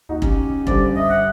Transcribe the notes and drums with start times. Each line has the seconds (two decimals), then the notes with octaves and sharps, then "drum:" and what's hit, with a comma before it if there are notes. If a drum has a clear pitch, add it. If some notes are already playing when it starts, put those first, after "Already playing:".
0.09 D#2 D#4 F#4
0.22 C#4 G4, drum: kick
0.67 G2 D3 G3 C5 D5, drum: kick
0.96 D#5 E5
1.10 F#5